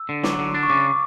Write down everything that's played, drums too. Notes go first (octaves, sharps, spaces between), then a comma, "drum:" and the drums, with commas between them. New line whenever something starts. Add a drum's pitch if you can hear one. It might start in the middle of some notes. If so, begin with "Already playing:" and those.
Already playing: E6
D3
F#3 D6, drum: snare
D3
D4
C#6
C#3 D6